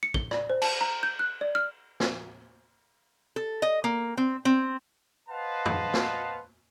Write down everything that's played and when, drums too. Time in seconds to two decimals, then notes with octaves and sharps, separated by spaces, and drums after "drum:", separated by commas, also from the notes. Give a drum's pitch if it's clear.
0.03 C#7
0.14 G7, drum: kick
0.31 D5, drum: rim click
0.50 C5
0.62 A5, drum: cymbal
0.81 A#5
1.03 G6
1.19 F#6
1.41 D5
1.55 F6
2.00 drum: snare
3.36 A4
3.62 D#5
3.84 A#3
4.17 C4
4.45 C4
5.29 B4 C5 D#5 F5 F#5 A5
5.66 drum: tom F2
5.94 drum: snare